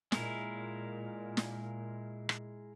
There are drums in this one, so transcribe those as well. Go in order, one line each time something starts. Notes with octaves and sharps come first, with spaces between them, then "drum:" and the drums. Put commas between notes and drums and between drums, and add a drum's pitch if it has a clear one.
A#2 G#3 E4 A#4, drum: snare
drum: snare
drum: rim click